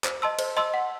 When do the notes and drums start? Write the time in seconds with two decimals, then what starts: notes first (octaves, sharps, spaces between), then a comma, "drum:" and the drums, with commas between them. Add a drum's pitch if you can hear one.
0.04 C5, drum: clap
0.22 D#5 A5 C6 E6
0.39 C5, drum: cymbal
0.57 D#5 A5 C6 E6
0.74 F#5